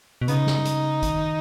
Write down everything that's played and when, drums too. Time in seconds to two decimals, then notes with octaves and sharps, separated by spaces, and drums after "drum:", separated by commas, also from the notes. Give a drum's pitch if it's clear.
0.21 B2
0.28 C#3 B3 D#4, drum: hi-hat
0.47 drum: snare
0.65 drum: hi-hat
1.02 D#3, drum: kick, hi-hat